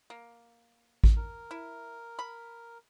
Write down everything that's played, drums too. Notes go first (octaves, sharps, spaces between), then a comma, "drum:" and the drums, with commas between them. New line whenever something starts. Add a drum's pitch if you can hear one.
A#3
drum: kick A1
A#4
E4
B5